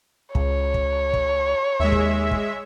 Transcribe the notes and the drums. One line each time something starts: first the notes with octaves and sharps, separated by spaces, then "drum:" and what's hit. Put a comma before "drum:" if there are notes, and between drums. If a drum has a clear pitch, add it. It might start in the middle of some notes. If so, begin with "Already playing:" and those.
C#2 C#5, drum: kick
drum: kick
drum: kick
D#2 G#3 E5
drum: kick
drum: kick